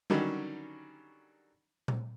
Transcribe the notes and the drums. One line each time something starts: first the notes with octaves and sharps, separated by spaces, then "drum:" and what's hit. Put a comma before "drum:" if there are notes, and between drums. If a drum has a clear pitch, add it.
D3 D#3 F#3 G3 C#4, drum: tom G3
drum: tom A#2